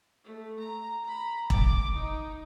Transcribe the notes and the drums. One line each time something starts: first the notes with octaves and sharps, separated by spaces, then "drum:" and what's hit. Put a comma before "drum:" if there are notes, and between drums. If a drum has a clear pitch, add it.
A3
A#5
A#5 B5
D6, drum: kick E1
D#4